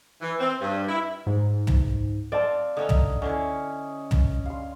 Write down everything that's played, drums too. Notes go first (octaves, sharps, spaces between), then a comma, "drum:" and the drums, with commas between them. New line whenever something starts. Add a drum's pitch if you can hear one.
E3
C4
G2
E4
G#2
drum: tom
C4 D5 F5 A5
D3 C#4 D#4 D#5
drum: tom
D3 C#4 D4 E4
drum: tom
F5 C6